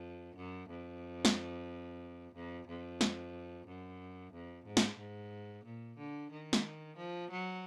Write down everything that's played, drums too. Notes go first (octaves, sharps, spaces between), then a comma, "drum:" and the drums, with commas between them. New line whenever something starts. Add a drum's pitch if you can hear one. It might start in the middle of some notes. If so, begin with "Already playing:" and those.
Already playing: F2
F#2
F2
drum: snare
F2
F2
drum: snare
F#2
F2
G#2
drum: snare
G#2
A#2
D3
D#3
drum: snare
F3
F#3